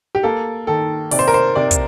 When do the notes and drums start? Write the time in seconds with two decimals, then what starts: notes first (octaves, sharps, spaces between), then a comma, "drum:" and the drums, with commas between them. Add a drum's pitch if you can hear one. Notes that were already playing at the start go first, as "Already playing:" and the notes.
0.15 G4
0.23 A#3 A4
0.67 D#3 A4
1.11 C3 D5, drum: open hi-hat
1.19 C5
1.28 A#4
1.34 C5
1.55 C3 D5
1.71 drum: kick, hi-hat